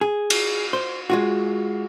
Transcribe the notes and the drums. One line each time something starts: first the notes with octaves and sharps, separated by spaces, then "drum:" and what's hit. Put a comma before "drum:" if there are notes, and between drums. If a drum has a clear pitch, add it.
G#4
drum: cymbal
C5
G#3 F4 F#4